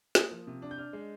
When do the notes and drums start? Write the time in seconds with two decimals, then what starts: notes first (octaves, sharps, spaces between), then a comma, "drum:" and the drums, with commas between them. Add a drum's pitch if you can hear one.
0.15 A#3 D#6, drum: snare
0.31 F3
0.47 C3
0.62 D4
0.71 G6
0.78 D4 F6
0.93 G#3